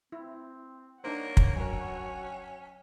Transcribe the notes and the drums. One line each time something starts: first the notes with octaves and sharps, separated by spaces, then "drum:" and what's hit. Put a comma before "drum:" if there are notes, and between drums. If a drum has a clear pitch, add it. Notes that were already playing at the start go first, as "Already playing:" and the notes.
C4 E4
A#3 D4 D#4 C5 C#5 F#5
drum: kick
F#3 C#4 F#4 A#4